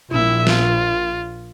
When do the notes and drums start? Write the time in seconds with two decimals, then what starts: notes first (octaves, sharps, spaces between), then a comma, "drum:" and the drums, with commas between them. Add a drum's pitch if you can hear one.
0.11 A#1 E4 E5, drum: tom
0.47 F4, drum: snare